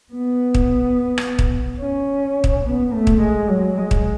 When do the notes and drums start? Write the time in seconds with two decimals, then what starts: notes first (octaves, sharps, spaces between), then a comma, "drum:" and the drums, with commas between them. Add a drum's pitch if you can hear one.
0.12 B3
0.55 drum: kick
1.18 drum: rim click
1.39 drum: kick
1.81 C#4
2.44 drum: kick
2.65 B3
2.93 A3
3.07 drum: kick
3.20 G#3
3.49 F#3
3.77 G#3
3.91 drum: kick